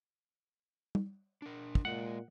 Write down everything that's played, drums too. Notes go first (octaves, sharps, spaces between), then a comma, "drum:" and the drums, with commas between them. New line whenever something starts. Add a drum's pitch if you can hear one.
drum: tom
D4 A#4
drum: kick
A#2 G#3 D#5 F5 F#5